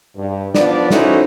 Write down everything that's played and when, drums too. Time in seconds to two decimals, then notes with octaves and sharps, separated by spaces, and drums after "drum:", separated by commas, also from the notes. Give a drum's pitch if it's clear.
0.16 G2
0.55 F3 B3 D4 D5, drum: snare
0.90 C#4 D#4 E4 F#4 A4 C5, drum: snare